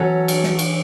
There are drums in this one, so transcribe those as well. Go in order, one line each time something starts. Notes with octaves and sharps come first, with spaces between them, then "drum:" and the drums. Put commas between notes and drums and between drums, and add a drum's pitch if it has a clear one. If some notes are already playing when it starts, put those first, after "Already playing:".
Already playing: E3 F#3 C#4 F#4 A4
drum: cymbal
drum: snare
drum: cymbal